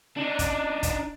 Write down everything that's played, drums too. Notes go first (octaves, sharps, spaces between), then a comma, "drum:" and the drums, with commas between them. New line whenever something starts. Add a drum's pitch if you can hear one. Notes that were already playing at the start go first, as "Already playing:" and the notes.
D4 D#4
drum: kick, hi-hat
drum: kick, hi-hat